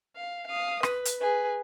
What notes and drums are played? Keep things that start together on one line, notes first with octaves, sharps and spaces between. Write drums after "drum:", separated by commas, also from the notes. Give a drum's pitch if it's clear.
F5
F5 D#6
B4, drum: rim click
drum: hi-hat
G#4 B4